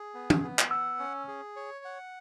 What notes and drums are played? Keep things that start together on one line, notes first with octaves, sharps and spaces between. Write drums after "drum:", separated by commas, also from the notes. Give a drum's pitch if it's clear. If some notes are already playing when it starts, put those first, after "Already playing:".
Already playing: G#4
B3
drum: tom
B3
drum: clap
F#5 E6
C#4
G#4
C#5
F#5